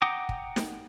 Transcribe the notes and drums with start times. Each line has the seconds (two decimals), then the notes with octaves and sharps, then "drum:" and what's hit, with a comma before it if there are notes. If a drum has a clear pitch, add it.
0.02 F#5 G5 A#5 D6 D#6
0.29 drum: kick
0.56 drum: snare